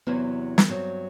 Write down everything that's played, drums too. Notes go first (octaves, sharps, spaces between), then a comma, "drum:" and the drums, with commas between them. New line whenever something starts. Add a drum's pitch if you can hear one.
E2 C3 F#3 B3 C4 E4
drum: snare
G2 F#3 C4